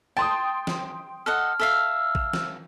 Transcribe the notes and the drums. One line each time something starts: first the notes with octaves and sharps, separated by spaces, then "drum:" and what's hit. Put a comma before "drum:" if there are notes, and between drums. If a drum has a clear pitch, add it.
G5 A5 C6 D#6
drum: snare
A4 D#5 F#5 F6
A4 E5 F5 E6 F6
drum: kick A1
drum: snare